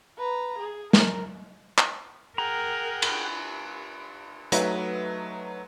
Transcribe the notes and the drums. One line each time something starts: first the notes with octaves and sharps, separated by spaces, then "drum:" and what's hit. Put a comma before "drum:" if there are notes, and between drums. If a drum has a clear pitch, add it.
B4 A#5
G#4
A#4, drum: snare
drum: clap
G#4 A#4 F#5 G5 A#5
drum: cymbal
F#3 A3 D#4 B4 D#5 E5, drum: hi-hat